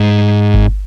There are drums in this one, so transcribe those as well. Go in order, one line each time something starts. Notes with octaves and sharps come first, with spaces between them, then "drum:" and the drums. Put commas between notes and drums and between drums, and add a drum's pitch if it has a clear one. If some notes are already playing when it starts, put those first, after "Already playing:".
Already playing: G#2
drum: kick G1